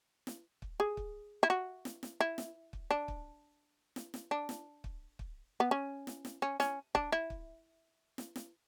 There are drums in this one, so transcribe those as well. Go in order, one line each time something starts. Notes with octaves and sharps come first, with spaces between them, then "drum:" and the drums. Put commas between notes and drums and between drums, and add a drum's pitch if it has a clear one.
drum: snare
drum: kick
G#4
drum: kick
E4
F#4
drum: snare
drum: snare
E4
drum: snare
drum: kick
D4
drum: kick
drum: snare
drum: snare
D4
drum: snare
drum: kick
drum: kick
B3
C#4
drum: snare
drum: snare
C#4
C#4, drum: snare
D4, drum: kick
E4
drum: kick
drum: snare
drum: snare